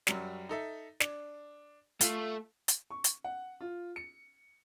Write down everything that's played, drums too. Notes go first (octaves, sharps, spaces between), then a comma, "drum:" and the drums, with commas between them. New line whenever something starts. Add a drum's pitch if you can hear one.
F#2 F#3 G3, drum: snare
D#4 A4 E5
D4, drum: snare
A3 F4 F5, drum: hi-hat
drum: hi-hat
C#6
drum: hi-hat
F#5
F4
C#7